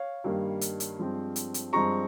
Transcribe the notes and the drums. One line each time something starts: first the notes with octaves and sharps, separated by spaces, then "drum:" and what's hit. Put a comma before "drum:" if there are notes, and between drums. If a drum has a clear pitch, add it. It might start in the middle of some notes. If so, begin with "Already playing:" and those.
Already playing: C#5 F5
G2 D#3 G3 A#3
drum: hi-hat
drum: hi-hat
G2 F3 G#3 C4
drum: hi-hat
drum: hi-hat
G2 F3 G#3 C4 A#5 C#6